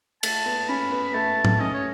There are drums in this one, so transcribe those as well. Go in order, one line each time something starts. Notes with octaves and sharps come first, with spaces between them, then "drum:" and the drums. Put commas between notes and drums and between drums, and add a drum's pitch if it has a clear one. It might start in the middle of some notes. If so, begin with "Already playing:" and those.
A3 A5, drum: cymbal
B3
C#4 B5
B3
A3 A5
drum: tom A2
C#4 D#5
C#5